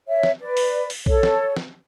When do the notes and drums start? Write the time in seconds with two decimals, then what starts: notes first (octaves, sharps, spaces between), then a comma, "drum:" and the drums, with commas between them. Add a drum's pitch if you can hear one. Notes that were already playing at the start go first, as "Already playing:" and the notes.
0.07 C#5 E5
0.23 drum: snare
0.40 B4 D5
0.57 drum: open hi-hat
0.90 drum: open hi-hat
1.06 A4 C#5, drum: kick A#1
1.23 drum: snare
1.56 drum: snare